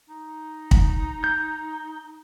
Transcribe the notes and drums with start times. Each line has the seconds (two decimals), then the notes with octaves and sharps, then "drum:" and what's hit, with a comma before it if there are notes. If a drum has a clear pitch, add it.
0.09 D#4
0.71 drum: kick
1.24 G6